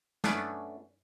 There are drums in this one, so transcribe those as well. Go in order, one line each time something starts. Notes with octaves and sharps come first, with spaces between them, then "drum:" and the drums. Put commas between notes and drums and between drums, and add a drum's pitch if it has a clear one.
A3 B3 C#4 D4, drum: snare